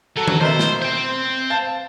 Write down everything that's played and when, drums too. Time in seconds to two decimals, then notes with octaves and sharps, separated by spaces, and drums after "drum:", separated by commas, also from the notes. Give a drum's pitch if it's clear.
0.17 F#3 A4
0.28 drum: tom D#3
0.40 B2 A#4 C5 E5
0.59 drum: snare
0.82 C5 G5
1.50 F5 A5